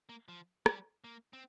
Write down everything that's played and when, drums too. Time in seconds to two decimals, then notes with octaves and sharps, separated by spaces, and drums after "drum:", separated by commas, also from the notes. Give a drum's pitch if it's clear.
0.09 A#3
0.28 F3
0.66 G3, drum: rim click
1.04 A#3
1.33 C4